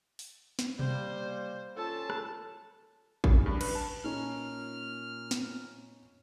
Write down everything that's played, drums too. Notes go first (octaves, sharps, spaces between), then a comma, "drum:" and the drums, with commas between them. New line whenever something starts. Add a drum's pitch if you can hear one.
drum: open hi-hat
drum: snare
G3 A#3 C5, drum: tom B2
C#4 F4 A4 A5
drum: rim click
C#3, drum: kick A1
G2
B4, drum: cymbal
A5
A#2 C#4 D#4 F6
drum: snare